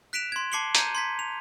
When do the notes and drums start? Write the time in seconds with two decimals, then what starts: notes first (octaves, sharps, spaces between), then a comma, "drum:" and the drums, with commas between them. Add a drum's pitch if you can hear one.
0.13 F#6 B6 D7 E7 F7
0.32 C6 G#6
0.52 A5 D6 C7 C#7 F#7 G7
0.75 A#5 G6 G#6 C#7 D#7, drum: hi-hat
0.95 C6 G#6 B6
1.19 F7